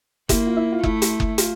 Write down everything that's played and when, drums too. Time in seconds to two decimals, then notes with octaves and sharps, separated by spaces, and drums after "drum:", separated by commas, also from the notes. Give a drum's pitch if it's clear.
0.29 A#3 E4, drum: kick F#1, hi-hat
0.47 F4
0.57 E4
0.72 F4
0.83 A3 E4, drum: kick F#1
1.02 drum: hi-hat
1.20 drum: kick F#1
1.38 F4, drum: hi-hat